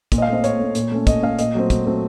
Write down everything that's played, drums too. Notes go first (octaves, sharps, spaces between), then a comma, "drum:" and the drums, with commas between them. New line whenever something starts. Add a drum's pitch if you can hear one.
A#2, drum: kick, hi-hat
D#5
F5
A3 C4 D#5
A#2 C#5, drum: hi-hat
A3 C4
A#2, drum: hi-hat
A3 C#4
A#2 D#5, drum: kick, hi-hat
A3 C#4 F5
A#2 D#5, drum: hi-hat
F#3 A3 C4
A#2, drum: kick, hi-hat
F#3 A3 C4